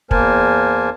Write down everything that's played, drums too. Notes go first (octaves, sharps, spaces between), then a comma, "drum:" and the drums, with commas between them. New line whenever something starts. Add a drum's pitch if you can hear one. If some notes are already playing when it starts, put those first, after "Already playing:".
E2 A#3 A#4 C5 G#5 A5, drum: kick